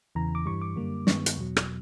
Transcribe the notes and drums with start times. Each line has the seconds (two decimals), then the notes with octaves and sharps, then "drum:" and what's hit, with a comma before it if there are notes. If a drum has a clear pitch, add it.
0.15 E2 C#3 E3 A#5
0.35 D6
0.46 G2 E3 G3 C#6
0.62 D6
0.76 F#2 D3 G3 A#3
1.07 G2 D#3 G#3 B3 C#6, drum: snare
1.26 drum: hi-hat
1.37 E2 B2 F#3
1.57 drum: rim click